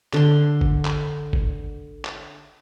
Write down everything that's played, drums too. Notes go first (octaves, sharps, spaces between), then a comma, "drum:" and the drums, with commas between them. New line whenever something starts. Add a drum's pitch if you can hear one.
D3 C6, drum: clap
drum: kick G#1
drum: clap
drum: kick G#1
drum: clap